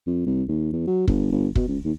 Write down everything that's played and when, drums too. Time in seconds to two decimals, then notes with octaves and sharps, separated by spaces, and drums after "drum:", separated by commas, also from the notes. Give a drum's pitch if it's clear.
0.07 F2
0.26 C2
0.48 D#2
0.73 E2
0.87 F#3
1.08 G1, drum: kick
1.32 G1
1.55 B2, drum: kick
1.68 C#2
1.85 D#2